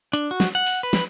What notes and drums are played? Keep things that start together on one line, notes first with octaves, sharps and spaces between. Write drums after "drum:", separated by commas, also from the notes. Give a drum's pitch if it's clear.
D4, drum: hi-hat
F#4
drum: snare
F#5
drum: open hi-hat
B4
drum: snare